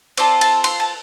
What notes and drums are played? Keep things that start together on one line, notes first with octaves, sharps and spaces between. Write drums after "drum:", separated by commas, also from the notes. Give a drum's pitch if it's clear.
C4 F4 A4 D5, drum: cymbal
A5, drum: cymbal
C6, drum: cymbal
A5